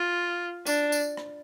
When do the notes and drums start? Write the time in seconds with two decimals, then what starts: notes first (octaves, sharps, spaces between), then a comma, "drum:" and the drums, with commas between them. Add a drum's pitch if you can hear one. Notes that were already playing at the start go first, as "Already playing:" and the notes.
Already playing: F4
0.66 D4, drum: tambourine
0.92 drum: tambourine
1.17 drum: rim click